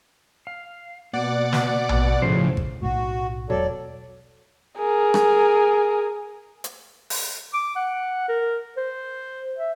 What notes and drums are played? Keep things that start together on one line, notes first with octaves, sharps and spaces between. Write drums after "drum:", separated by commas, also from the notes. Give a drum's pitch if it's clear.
F5
B2 A#3 D5 F#5 D6
drum: snare
drum: tom A#1
A2 C#3 F3 C5
drum: kick G#1
B1 A2 F#4
E1 B2 F#3 A4 D5
G#4 A#4
drum: rim click
drum: hi-hat
drum: open hi-hat
D6
F#5
A#4
C5
E5